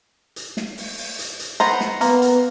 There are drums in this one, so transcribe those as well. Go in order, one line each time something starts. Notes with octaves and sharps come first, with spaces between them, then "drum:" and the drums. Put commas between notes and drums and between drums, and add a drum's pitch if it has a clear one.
drum: hi-hat
drum: snare
drum: open hi-hat
drum: open hi-hat
drum: hi-hat
drum: hi-hat
B3 C5 A#5
drum: snare
A#3 B3, drum: hi-hat
drum: hi-hat